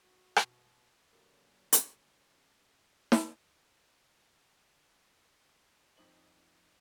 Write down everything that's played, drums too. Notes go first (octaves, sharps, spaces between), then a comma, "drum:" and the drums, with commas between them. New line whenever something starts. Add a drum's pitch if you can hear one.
F#4
B2, drum: rim click
B2 D3 F#3 G3 A#3 C#4
drum: hi-hat
drum: snare
F2 D#4 C5 F#7